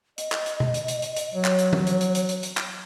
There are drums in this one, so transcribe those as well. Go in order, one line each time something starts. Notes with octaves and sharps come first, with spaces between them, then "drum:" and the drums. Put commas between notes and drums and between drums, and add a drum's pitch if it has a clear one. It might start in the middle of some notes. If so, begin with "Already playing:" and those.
D#5, drum: hi-hat
drum: clap
drum: hi-hat
drum: tom B2
drum: hi-hat
drum: hi-hat
drum: hi-hat
drum: hi-hat
F#3 C#5
drum: clap
drum: hi-hat
drum: tom
drum: hi-hat
drum: hi-hat
drum: hi-hat
drum: hi-hat
drum: hi-hat
drum: clap